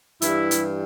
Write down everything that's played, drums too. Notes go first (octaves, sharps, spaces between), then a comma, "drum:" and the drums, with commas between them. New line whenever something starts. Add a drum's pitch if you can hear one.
G2 E3 G3 E4, drum: hi-hat
drum: hi-hat